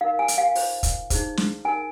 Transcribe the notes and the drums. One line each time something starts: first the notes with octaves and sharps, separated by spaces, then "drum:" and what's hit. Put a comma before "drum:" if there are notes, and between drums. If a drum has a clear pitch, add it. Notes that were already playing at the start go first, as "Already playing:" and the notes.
D#4 A#4 F5
G#5
drum: hi-hat
F5
F4 C5, drum: open hi-hat
drum: kick, hi-hat
D#4 G#4 C5, drum: kick, hi-hat
drum: snare
D#4 A#4 G#5